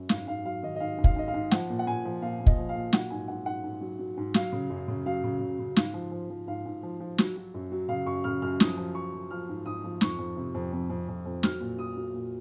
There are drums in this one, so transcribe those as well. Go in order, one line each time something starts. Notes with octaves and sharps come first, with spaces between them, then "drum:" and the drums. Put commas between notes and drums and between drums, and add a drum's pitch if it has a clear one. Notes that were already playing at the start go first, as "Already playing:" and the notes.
Already playing: F#2
G#2 F5, drum: snare
G#2 F5
F#3 F5
D#3 D#5
D#5
G#2 F5
G#2
F5, drum: kick
G#2 D#5
F5
G#2
F3 F#5, drum: snare
A#2
F#5
A#2 G#5
F3
A#2 F5
A#2
D#5, drum: kick
F3
F5
A#2
F#3 F#5, drum: snare
G#2 G#5
G#2 F#5
G#2 F#5
G#2
F#3
F#3
G#2
F#3 F5, drum: snare
C#3
F#2
C#3
F#3 F5
C#3
C#3
C#3
G#2 F5, drum: snare
F3
F3
F3
G#2 F5
G#2
F3
F3
F#3, drum: snare
F#3
F#2
F#3
C#3 F5
F#2 C#6
C#3 F6
F#2 F6
F3 D#6, drum: snare
F3
F3 C#6
F3
F3 F6
G#2
G#2 D#6
F3
F2 C#6, drum: snare
F2
C3
F2
F2
F2
F2
F2
F#3 F6, drum: snare
A#2
F#3 D#6
F#3
A#2